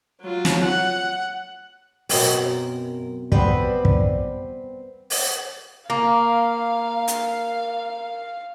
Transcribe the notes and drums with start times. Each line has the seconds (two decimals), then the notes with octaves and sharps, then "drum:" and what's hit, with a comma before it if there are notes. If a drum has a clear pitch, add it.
0.21 F#3 F4
0.45 drum: snare
0.64 F#5
2.09 F#2 B2 C4 A#4, drum: open hi-hat
3.32 G3 B3 C4 B4 D5, drum: kick
3.85 drum: kick
5.10 drum: open hi-hat
5.90 A#3 F5
7.08 drum: hi-hat